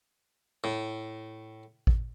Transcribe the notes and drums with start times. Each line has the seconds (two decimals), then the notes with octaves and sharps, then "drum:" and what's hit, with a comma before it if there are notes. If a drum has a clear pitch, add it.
0.64 A2
1.87 drum: kick A1